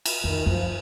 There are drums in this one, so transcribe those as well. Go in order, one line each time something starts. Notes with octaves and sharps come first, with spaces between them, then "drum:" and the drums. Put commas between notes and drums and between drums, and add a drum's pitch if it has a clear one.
drum: cymbal
F2 D#3
F#2 F3